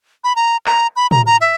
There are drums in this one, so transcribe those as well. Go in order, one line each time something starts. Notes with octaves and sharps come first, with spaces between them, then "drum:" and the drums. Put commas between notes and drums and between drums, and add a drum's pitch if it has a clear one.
B5
A#5
A#5, drum: clap
B5
A#5, drum: tom
A#5
E5